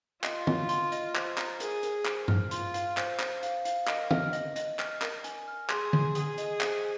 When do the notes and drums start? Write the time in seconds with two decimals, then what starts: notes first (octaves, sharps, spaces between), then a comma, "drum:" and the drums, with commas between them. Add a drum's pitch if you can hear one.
0.24 F4 D#5, drum: clap
0.47 A#4, drum: tom D3
0.69 C6, drum: hi-hat
0.92 D#5, drum: hi-hat
1.15 C5, drum: clap
1.38 A#5, drum: clap
1.60 G#4 A#4, drum: hi-hat
1.83 A#4, drum: hi-hat
2.05 C5, drum: clap
2.28 F6, drum: tom G2
2.51 F4 C6, drum: hi-hat
2.74 F5, drum: hi-hat
2.97 C5, drum: clap
3.20 C5, drum: clap
3.43 F5, drum: hi-hat
3.65 F5, drum: hi-hat
3.87 A#4 D#5, drum: clap
4.11 F6, drum: tom D3
4.33 D#5, drum: hi-hat
4.56 D#5, drum: hi-hat
4.79 F6, drum: clap
5.02 A#4, drum: clap
5.24 G#5, drum: hi-hat
5.48 F6
5.70 G#4 C6, drum: clap
5.93 C6, drum: tom D3
6.15 G#4 D#6, drum: hi-hat
6.38 D#5, drum: hi-hat
6.61 C5, drum: clap